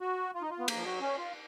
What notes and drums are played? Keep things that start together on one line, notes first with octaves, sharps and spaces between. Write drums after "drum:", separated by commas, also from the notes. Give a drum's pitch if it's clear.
F#4
F4
D#4
F4
B3
A#3, drum: cymbal
F3
F#3
C#4
F4